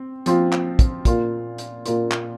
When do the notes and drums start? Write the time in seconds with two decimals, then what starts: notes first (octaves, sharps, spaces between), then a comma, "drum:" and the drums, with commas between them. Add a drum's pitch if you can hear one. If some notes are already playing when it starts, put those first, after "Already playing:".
Already playing: C4
0.26 F3 C4 F4, drum: hi-hat
0.52 drum: clap
0.79 drum: kick, hi-hat
1.05 A#2 A#3 F4, drum: kick, hi-hat
1.58 drum: hi-hat
1.86 A#2 A#3 F4, drum: hi-hat
2.11 drum: clap